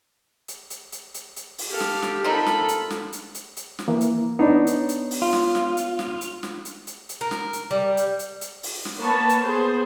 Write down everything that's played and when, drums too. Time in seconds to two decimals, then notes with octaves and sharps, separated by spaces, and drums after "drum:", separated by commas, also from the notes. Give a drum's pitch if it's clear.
0.48 drum: hi-hat
0.70 drum: hi-hat
0.92 drum: hi-hat
1.14 drum: hi-hat
1.36 drum: hi-hat
1.58 drum: open hi-hat
1.70 G4 A4 F5
1.80 drum: snare
2.02 drum: snare
2.24 C4 D#4 F4 A4 A#4 B5
2.46 drum: snare
2.68 drum: hi-hat
2.90 drum: snare
3.13 drum: hi-hat
3.35 drum: hi-hat
3.57 drum: hi-hat
3.79 drum: snare
3.88 E3 A#3
4.01 drum: hi-hat
4.39 B3 D4 D#4 C#5
4.67 drum: hi-hat
4.89 drum: hi-hat
5.11 drum: open hi-hat
5.22 F4
5.33 drum: snare
5.55 drum: snare
5.77 drum: hi-hat
5.99 drum: snare
6.21 drum: hi-hat
6.43 drum: snare
6.65 drum: hi-hat
6.87 drum: hi-hat
7.09 drum: hi-hat
7.21 A#4
7.31 drum: snare
7.53 drum: hi-hat
7.71 G3
7.97 drum: hi-hat
8.19 drum: hi-hat
8.41 drum: hi-hat
8.63 drum: open hi-hat
8.85 drum: snare
8.99 A#3 B3 B4 C#5 A5
9.29 drum: hi-hat
9.44 B3 G#4 C5